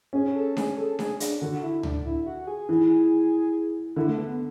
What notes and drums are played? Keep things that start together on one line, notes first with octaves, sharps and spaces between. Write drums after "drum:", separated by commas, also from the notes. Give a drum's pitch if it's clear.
C#4 G#4
A4
G#4, drum: snare D4
A4
G#4, drum: snare D4
D4, drum: hi-hat
D3 F#4
E4
D4, drum: tom C#2
E4
F#4
F#4
G#4
E3
D3 E4
A3
B3